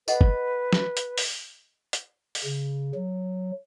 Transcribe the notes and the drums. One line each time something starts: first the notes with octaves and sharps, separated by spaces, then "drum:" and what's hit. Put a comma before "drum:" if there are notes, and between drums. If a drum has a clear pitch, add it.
A4 B4 D#5 F#5, drum: tambourine
drum: kick
drum: snare
drum: hi-hat
drum: open hi-hat
drum: hi-hat
drum: open hi-hat
C#3
F#3